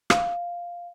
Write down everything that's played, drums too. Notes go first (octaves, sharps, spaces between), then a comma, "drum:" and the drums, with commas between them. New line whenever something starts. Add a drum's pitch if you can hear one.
F5, drum: rim click